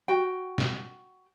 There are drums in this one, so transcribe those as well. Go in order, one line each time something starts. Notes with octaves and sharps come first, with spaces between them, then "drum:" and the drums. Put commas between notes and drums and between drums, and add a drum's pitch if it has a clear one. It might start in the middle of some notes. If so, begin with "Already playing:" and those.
F#4 G5
drum: snare